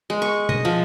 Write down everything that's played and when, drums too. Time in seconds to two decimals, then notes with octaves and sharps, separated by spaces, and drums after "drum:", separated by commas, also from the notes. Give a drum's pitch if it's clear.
0.10 G#3
0.22 C#6
0.49 D#5, drum: tom B2
0.65 F3